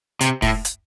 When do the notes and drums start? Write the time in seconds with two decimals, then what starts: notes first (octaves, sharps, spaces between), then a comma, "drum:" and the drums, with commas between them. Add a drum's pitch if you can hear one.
0.21 C3, drum: hi-hat
0.42 A2, drum: kick, open hi-hat
0.65 drum: hi-hat